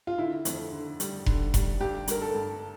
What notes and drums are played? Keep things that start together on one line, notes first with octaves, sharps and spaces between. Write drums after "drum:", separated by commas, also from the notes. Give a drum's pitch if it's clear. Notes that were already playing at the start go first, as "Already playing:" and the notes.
F4
D3 E4
F2, drum: hi-hat
D3
G3, drum: hi-hat
D3, drum: kick F1
G3, drum: kick F1, hi-hat
G2 G4
G2 A#4, drum: hi-hat
A4
G2